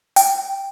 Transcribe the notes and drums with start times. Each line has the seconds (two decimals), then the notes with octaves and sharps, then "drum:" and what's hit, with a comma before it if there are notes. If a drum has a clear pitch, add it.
0.16 G5, drum: open hi-hat